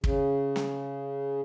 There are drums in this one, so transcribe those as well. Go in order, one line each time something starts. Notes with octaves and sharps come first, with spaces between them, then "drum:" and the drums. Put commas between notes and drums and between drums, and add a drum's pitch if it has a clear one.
C#3, drum: kick
drum: snare